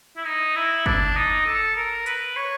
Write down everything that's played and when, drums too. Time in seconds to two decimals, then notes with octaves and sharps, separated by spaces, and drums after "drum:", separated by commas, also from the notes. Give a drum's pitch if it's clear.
0.16 E4
0.25 D#4
0.56 E4
0.86 D4, drum: kick
1.16 D#4
1.46 A4
1.77 A#4
2.06 B4, drum: hi-hat
2.36 C#5